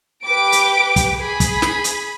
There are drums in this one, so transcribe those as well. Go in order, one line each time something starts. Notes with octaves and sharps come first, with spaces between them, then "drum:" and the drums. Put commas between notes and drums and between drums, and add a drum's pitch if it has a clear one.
G4 B4 D6 D7
drum: hi-hat
drum: kick, hi-hat
G#4 B5
drum: kick, hi-hat
drum: snare
drum: hi-hat